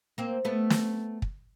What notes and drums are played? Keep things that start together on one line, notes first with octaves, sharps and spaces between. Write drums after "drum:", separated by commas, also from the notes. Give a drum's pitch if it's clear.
A#3 C4
A3 B3
drum: snare
drum: kick